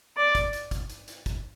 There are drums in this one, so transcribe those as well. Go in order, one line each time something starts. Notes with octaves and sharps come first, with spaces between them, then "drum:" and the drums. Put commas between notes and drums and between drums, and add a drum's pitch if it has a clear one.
D5
drum: kick, hi-hat
drum: hi-hat
drum: kick, hi-hat
drum: hi-hat
drum: hi-hat
drum: kick, hi-hat